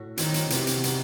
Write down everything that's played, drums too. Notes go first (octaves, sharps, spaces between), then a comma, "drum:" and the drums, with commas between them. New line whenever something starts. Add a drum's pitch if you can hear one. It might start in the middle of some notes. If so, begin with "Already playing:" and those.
Already playing: A2 F#4
D#3 F#3 C4 E4, drum: hi-hat
drum: hi-hat
C3 E3 B3 F#4, drum: hi-hat
drum: hi-hat
G3 B3 D#4 F#4, drum: hi-hat